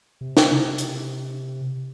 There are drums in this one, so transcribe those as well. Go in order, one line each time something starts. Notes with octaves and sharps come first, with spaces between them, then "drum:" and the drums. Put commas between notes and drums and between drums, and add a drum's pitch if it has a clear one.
C3
C#3, drum: snare
C3
drum: hi-hat